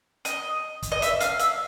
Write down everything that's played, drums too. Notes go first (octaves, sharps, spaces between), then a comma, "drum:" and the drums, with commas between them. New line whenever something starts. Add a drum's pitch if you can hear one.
D#5, drum: hi-hat
drum: kick, hi-hat
D#5
E5, drum: hi-hat
F5, drum: hi-hat
E5, drum: hi-hat